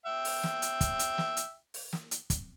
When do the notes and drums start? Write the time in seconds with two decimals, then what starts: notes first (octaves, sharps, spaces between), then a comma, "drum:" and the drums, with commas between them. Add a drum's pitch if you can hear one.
0.06 E5 G5
0.25 drum: open hi-hat
0.43 drum: snare
0.62 drum: hi-hat
0.81 drum: kick, hi-hat
0.99 drum: hi-hat
1.18 drum: snare
1.37 drum: hi-hat
1.74 drum: open hi-hat
1.93 drum: snare
2.11 drum: hi-hat
2.30 drum: kick, hi-hat